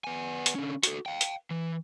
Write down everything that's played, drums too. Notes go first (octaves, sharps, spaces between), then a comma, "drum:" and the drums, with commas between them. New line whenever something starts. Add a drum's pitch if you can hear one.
B3 G#5
drum: hi-hat
D3 C#4
F#4 A4, drum: hi-hat
F5 G5
drum: hi-hat
E3